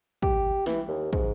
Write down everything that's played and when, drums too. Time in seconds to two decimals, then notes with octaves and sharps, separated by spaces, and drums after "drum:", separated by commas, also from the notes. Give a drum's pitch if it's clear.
0.22 G4, drum: kick
0.66 E3, drum: snare
0.88 D#2
1.13 G#2, drum: kick